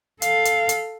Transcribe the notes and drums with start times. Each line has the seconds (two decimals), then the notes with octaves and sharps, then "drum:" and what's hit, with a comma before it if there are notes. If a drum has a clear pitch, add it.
0.22 A4 F5, drum: hi-hat
0.45 drum: hi-hat
0.69 drum: hi-hat